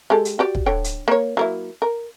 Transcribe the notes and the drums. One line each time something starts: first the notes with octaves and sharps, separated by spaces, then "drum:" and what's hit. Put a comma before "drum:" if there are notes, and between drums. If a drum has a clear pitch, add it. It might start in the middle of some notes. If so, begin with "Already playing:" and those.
G#3 G4 A4
drum: hi-hat
F#4 G4 D5
drum: kick
D3 C#5 G5
drum: hi-hat
A#3 C#5
F#3 A#3 E4
A#4